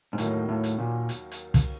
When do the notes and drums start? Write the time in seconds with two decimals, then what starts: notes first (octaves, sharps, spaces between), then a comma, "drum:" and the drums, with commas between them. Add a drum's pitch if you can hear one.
0.13 G#2
0.18 D#2 A2 D#3 F#3 A#3 D#4, drum: hi-hat
0.48 A2
0.64 drum: hi-hat
0.78 A#2
1.09 drum: hi-hat
1.31 drum: hi-hat
1.54 drum: kick, hi-hat